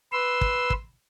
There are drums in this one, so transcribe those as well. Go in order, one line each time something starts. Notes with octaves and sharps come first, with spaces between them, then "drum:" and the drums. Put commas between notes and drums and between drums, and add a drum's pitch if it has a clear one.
B4 C6 E6
drum: kick
drum: kick